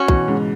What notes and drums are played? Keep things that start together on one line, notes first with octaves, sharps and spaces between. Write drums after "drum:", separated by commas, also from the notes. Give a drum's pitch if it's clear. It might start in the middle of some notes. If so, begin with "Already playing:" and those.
Already playing: C#4 F#4 C#5
B2 E3, drum: kick
G#2 C#3